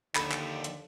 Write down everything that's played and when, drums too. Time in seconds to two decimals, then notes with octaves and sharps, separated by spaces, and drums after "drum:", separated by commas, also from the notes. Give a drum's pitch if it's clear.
0.15 D#2 D3 F3 G4 A4 B5 C#6, drum: clap
0.32 drum: clap
0.64 drum: hi-hat